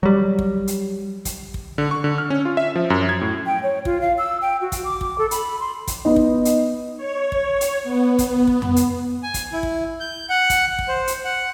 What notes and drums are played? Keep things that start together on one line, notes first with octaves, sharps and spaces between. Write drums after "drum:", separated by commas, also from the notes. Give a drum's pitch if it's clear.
F#3 G3
drum: kick
drum: hi-hat
drum: kick, hi-hat
drum: kick
D3
C#6
D3
F6
C#4
F4
E5
F3
F#2
G#6
A2
G5
C#5
F4, drum: kick
F5
E6
G5
F#4
drum: kick, hi-hat
D6
drum: kick
A4
B5, drum: hi-hat
C6
drum: kick, hi-hat
B3 D#4
drum: kick
drum: hi-hat
C#5
drum: kick
drum: hi-hat
B3
drum: kick, hi-hat
drum: kick
drum: tom F2
drum: hi-hat
G#5
drum: kick, hi-hat
E4
drum: kick
G6
F#5
drum: kick, hi-hat
drum: kick
C5
drum: hi-hat
F#5